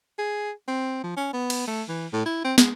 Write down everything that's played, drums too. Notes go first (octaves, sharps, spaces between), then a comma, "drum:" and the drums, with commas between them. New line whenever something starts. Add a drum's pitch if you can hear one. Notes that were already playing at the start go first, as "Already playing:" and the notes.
G#4
C4
F3
C#4
B3
drum: cymbal
A3
E3
A2
E4
C4
G#3, drum: snare